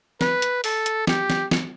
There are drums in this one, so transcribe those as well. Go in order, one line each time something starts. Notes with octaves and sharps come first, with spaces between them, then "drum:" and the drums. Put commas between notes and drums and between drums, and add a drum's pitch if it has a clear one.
B4, drum: snare
drum: hi-hat
A4, drum: open hi-hat
drum: hi-hat
G4, drum: snare
drum: snare
drum: snare